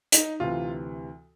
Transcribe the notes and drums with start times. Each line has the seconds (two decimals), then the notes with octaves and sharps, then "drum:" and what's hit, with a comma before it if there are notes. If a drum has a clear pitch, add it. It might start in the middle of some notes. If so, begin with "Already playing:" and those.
0.12 D#4, drum: hi-hat
0.40 D2 C3 E3 F4